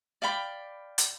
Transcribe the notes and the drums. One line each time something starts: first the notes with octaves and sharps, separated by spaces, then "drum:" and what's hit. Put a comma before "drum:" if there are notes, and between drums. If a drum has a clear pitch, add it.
D5 F5 G5 B5
drum: hi-hat